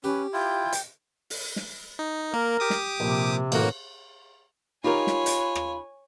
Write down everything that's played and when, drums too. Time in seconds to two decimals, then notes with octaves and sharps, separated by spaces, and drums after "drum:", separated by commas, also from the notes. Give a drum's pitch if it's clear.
0.04 C#4 G4 B4
0.33 E4 F4 G5
0.72 drum: hi-hat
1.30 drum: open hi-hat
1.56 drum: snare
1.99 D#4
2.33 A#3 A#4
2.60 G4 D6 D#6
2.70 drum: snare
3.00 A#1 C3
3.52 A1 F#2 A2 A#3 F#4, drum: cymbal
4.84 D#4 F4 G4 A#4 C#5 G#5 B5
5.07 drum: snare
5.26 drum: hi-hat
5.55 drum: rim click